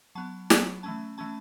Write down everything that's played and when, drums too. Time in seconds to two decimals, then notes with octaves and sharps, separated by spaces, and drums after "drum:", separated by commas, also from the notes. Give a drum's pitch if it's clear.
0.15 F#3 B3 A5
0.50 F#3 B3 A5, drum: snare
0.83 E3 A3 C#4 A5
1.18 E3 A3 C#4 A5